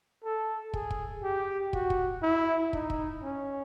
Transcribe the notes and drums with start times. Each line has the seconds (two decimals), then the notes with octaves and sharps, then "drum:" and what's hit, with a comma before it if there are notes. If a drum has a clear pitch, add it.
0.24 A4
0.73 G#4, drum: kick
0.90 drum: kick
1.23 G4
1.73 F#4, drum: kick
1.90 drum: kick
2.23 E4
2.73 D#4, drum: kick
2.90 drum: kick
3.23 C#4